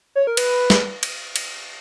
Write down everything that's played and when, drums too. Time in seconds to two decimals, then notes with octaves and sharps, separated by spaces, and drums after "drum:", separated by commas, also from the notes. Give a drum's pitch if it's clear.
0.16 C#5
0.27 A#4
0.37 B4, drum: cymbal
0.70 drum: snare
1.03 drum: cymbal
1.36 drum: cymbal